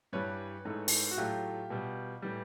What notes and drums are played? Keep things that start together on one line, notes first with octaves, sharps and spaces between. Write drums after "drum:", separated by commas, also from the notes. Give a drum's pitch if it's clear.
G2 E3 G3 B4 C#5
G#2 E3 A3
drum: open hi-hat
F#4
A2 F#3 A3 F4 G4
B2 G3
A2 E3 G3